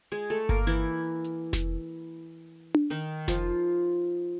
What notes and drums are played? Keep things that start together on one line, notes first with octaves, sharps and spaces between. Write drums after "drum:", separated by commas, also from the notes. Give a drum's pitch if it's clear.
G#3 G#4
A3 A4
A#3 A#4, drum: kick G1
E3 E4
drum: hi-hat
drum: snare F1
drum: tom D4
D#3 D#4
F3 F4, drum: snare F1